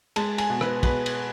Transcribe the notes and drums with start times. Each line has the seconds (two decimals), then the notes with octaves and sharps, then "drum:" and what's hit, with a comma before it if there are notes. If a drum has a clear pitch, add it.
0.16 G#3 A5, drum: cymbal
0.38 G#5, drum: cymbal
0.50 B2
0.61 B4, drum: rim click
0.83 B2 B4, drum: kick, cymbal
1.06 drum: cymbal